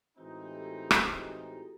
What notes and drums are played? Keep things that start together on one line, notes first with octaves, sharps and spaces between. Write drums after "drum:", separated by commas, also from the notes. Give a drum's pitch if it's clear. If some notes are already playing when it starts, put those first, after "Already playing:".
A2 E3 G#3 C4 D#4 E4 F#4
F4 G4
A4
F#4 G#4
G4 A4, drum: rim click